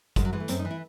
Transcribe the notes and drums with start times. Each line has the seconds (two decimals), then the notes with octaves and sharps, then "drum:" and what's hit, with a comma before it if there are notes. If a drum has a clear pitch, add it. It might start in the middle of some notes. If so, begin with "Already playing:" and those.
0.16 F#2 G#3, drum: kick G1, hi-hat
0.25 F#3
0.33 E3 G#3
0.40 A3
0.48 F#2 C4, drum: hi-hat
0.59 D#4
0.65 E3
0.71 E4